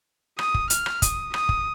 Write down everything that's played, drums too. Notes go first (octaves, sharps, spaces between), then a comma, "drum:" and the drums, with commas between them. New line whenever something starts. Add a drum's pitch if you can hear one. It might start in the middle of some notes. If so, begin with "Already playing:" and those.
D#6, drum: rim click
drum: kick
F6, drum: hi-hat
drum: rim click
D#6, drum: kick, hi-hat
D#6, drum: rim click
drum: kick